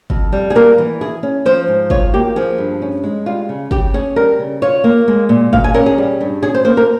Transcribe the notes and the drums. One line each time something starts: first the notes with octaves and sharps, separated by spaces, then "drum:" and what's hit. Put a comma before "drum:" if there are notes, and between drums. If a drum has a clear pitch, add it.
F2, drum: kick
G3
G#4
A#3 A#4
E3
E4 G#4
C#4
F3 C5
G#2
F4 C#5, drum: kick
A#3 G4
F3 G#4
G2
C#4
G#3
G3 F4
C#3
C#3 G4, drum: kick
C#4 G#4
G3 A#4
C#3
F4 C#5
A#3
G#3
A#2
A#2 F5, drum: kick
G#5
C#4 A#4
G#4
G3
G2
C#4 G#4
C5
A#3 C5
A#4